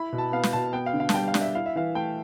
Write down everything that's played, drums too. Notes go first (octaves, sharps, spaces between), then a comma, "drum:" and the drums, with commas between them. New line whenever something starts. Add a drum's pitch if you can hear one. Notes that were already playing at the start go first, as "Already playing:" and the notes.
Already playing: E4 B5
B2
A5
B3 F5
drum: snare
B2 A5
B3 G5
F5
D3
F5
A5, drum: snare
G3 G5
F5
D4, drum: snare
E5
E4 F5
E5
E3 F5
A3 G5